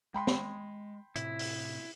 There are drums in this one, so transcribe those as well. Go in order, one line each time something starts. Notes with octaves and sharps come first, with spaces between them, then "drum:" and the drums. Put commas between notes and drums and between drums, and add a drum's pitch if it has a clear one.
G#3 G5 B5 C6
drum: snare
A2 C3 E4, drum: hi-hat
drum: open hi-hat